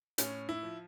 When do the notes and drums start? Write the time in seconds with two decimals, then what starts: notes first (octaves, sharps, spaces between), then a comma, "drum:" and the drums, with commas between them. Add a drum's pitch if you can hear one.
0.18 A2 C#4, drum: hi-hat
0.49 E4
0.63 F3